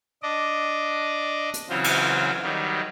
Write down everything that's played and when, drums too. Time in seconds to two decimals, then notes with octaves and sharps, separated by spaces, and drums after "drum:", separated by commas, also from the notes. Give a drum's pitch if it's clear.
0.23 D4 D5 D#5
1.54 drum: hi-hat
1.69 C#3 E3 F#3 C4 F4
1.84 drum: cymbal
2.43 D#3 F#3 G3